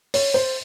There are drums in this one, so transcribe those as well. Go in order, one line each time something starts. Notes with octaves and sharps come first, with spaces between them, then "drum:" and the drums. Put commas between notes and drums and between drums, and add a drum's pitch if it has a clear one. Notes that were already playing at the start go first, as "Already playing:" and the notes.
C#5, drum: open hi-hat
C5